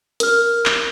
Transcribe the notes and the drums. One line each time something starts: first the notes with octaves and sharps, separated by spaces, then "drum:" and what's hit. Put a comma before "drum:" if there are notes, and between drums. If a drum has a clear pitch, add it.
A#4 F6, drum: hi-hat
drum: clap